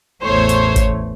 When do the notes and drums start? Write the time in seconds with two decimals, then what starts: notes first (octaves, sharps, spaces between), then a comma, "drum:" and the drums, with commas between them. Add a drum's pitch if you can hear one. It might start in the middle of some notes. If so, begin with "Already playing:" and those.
0.22 A1 E2 A3 C5 C#5
0.49 drum: hi-hat
0.76 drum: kick, hi-hat